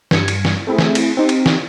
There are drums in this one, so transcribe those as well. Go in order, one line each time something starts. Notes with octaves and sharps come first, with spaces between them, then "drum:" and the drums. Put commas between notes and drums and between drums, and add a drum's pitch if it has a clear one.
G2 G#6 C#7, drum: snare
drum: cymbal
drum: snare
A3 C4 E4 G#4
drum: snare
drum: cymbal
C4 D#4 G4
drum: cymbal
drum: snare